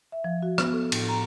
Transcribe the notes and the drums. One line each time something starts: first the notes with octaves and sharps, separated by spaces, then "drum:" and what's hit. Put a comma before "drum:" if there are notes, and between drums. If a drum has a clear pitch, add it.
E5
F3
F#4
B3, drum: rim click
A4
A2, drum: cymbal
A#5